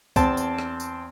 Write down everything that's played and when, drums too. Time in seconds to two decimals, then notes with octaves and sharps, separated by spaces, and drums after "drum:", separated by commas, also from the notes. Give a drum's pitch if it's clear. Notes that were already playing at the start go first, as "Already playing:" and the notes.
0.16 E2 C4 A5, drum: kick, tambourine
0.37 drum: tambourine
0.58 drum: rim click
0.80 drum: tambourine